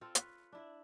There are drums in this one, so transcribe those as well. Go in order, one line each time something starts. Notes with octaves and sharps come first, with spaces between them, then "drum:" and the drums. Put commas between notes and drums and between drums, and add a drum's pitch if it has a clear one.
C4 F4 A4
B4 C#5, drum: hi-hat
D4 E4 E5